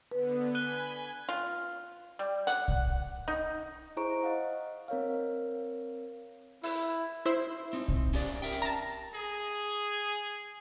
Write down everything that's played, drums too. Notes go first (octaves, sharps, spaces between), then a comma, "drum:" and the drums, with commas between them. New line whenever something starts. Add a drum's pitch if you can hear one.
D3 B3 B4
G#5 B5 F#6 D#7 G7
F4
G3
F#5, drum: hi-hat
drum: kick B1
D#4
E4 G#4 C5 A#5 C#6 D7
D#5 F5 F#5
C4 A#4 C#5 F5
E4, drum: open hi-hat
E4 C5 E5
C4 D#4
drum: kick B1
C#4 G4 D5
A#4 E5 G5
drum: hi-hat
A5 A#5
G#4